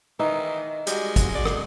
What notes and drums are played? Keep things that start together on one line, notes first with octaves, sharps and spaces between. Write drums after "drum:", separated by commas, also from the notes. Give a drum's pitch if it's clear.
D#3 E3 D#4
G3 G#3 F#4, drum: hi-hat
drum: kick G#1, hi-hat
D5
drum: rim click